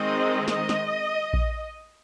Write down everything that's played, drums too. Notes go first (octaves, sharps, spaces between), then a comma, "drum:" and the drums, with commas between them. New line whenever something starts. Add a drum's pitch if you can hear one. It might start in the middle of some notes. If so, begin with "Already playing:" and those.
Already playing: D#3 G#3 C4 D#5
D#5, drum: snare
drum: snare
drum: kick A#1